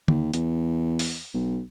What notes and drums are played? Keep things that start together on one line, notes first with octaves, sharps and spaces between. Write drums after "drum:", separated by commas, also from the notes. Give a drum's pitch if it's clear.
D#2, drum: tom
E2, drum: hi-hat
drum: open hi-hat
B1